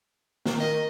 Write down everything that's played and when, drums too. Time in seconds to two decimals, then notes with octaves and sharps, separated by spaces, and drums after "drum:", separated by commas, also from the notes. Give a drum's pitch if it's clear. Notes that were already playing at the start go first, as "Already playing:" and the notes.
0.46 D#3, drum: snare
0.60 A#4 D#5